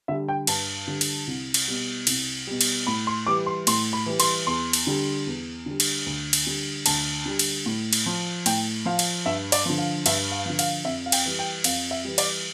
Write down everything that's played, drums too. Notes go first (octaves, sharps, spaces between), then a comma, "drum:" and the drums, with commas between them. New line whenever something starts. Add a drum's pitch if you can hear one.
D3 G3 E5
G5
G2 A5, drum: cymbal
D3 G3
drum: cymbal
C2
drum: cymbal
B2 G3
C2, drum: cymbal
B2 G3
drum: cymbal
A2 B5
C6
E3 G3 D6
C6
A2 C6, drum: cymbal
B5
E3 G3
C6, drum: cymbal
E2 C6
drum: cymbal
D3 G3
E2
D3 G3
drum: cymbal
D2
drum: cymbal
D3 G3
D2 A5, drum: cymbal
D3 G3
drum: cymbal
A2
drum: cymbal
F3
A2 G5, drum: cymbal
F3 F5
drum: cymbal
G2 E5
D5, drum: cymbal
D3 F3
F5
G2 E5, drum: cymbal
F5
D3 F3
F5, drum: cymbal
F2 E5
F5
G5, drum: cymbal
E3 G3
G5
F2 F5, drum: cymbal
E5
E3 G3
D5, drum: cymbal